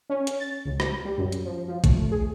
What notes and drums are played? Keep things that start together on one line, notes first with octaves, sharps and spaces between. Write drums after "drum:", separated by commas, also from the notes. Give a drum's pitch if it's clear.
C#4
drum: hi-hat
A6
C#2
drum: rim click
G3
F#2
drum: hi-hat
F3
F3
A3, drum: kick, hi-hat
G#4